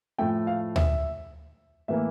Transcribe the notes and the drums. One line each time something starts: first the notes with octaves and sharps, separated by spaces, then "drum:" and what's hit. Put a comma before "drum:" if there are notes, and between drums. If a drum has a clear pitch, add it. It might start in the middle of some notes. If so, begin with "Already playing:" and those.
A2 F3 A3 G5
F5
E5, drum: tom D2
A2 E3 A#3 E5